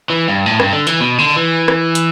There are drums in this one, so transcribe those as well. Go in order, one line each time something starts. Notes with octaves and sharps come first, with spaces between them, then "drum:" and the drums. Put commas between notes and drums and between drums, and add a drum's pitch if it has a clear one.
E3
G2
A2
G2, drum: rim click
D3
E3, drum: hi-hat
B2
D3
E3
drum: rim click
drum: hi-hat